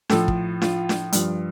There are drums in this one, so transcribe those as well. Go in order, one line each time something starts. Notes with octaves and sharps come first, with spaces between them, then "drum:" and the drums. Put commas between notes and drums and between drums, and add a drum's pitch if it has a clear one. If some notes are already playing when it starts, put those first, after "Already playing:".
A2 F3 A4, drum: snare D4
drum: kick
F4, drum: snare D4
drum: snare D4
G2 F3, drum: hi-hat